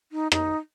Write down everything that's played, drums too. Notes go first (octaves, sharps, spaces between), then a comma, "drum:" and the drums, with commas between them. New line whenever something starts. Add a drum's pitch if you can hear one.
D#4
D#4, drum: rim click